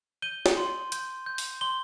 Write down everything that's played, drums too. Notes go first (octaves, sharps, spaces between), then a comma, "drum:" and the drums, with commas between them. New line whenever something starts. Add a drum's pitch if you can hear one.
G6 D#7 G7
drum: snare
C6
G6, drum: hi-hat
G6
drum: open hi-hat
C6 G7